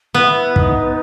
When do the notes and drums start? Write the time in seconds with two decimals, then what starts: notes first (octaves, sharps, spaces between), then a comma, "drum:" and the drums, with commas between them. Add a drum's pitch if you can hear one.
0.14 B3 E4
0.56 D#4, drum: kick